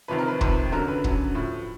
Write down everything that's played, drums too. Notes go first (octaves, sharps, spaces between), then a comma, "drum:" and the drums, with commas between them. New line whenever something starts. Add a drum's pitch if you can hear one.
F2 C3 D#3 B4
A#4
B4
F2 C3 D#3 B4, drum: kick
F#2 D3 F#3 A#4
B4
F#2 D3 F#3, drum: kick
A2 F3